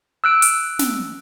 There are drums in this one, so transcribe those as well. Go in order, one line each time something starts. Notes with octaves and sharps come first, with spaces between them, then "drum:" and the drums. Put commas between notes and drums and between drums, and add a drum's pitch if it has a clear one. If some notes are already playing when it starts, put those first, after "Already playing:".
E6 F#6 D7
drum: hi-hat
drum: snare